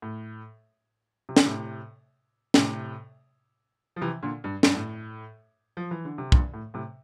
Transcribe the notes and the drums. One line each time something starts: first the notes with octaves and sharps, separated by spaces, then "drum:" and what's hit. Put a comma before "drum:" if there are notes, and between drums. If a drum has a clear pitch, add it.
A2
C3
D3, drum: snare
A2 C3
A2 C3, drum: snare
F3
C3 E3
A#2 D3
G2
G2, drum: snare
A2
F3
E3
D3
C3
G2 A#2, drum: kick
A2
A2 C3